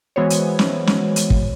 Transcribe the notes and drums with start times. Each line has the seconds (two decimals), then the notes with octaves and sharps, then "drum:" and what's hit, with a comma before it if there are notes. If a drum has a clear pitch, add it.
0.16 E3 G#3 B3 F#4 C5 C#5
0.30 drum: hi-hat
0.59 drum: snare
0.87 drum: snare
1.16 drum: hi-hat
1.30 drum: kick